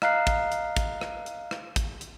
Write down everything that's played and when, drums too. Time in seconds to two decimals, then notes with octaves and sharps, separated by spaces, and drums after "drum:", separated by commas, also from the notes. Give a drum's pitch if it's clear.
0.02 D#5 F5 A#5 F6 F#6 C7, drum: rim click
0.27 drum: kick, hi-hat
0.52 drum: hi-hat
0.77 drum: kick, hi-hat
1.01 drum: rim click
1.26 drum: hi-hat
1.51 drum: rim click
1.76 drum: kick, hi-hat
2.01 drum: hi-hat